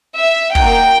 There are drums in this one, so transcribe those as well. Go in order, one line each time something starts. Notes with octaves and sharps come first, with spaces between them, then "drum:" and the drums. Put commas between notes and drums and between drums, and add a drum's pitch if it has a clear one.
E5
A#3 D#4 F#4 G5, drum: kick